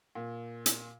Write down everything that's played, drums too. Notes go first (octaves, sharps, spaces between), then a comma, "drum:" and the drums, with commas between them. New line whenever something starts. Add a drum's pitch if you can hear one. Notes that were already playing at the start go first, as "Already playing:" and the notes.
A#2
drum: hi-hat